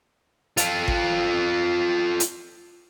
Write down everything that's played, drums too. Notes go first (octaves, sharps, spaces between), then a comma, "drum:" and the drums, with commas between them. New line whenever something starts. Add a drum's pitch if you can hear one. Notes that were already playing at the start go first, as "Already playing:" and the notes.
F4 A4, drum: hi-hat
drum: kick G#1
drum: hi-hat